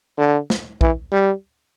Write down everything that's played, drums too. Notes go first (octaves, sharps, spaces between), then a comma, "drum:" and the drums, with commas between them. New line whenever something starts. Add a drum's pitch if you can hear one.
D3
drum: snare
E3, drum: kick A#1
G3